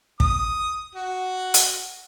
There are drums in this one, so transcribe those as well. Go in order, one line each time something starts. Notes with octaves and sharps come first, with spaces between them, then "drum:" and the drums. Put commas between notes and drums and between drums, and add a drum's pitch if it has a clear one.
D#6, drum: kick
F#4
drum: hi-hat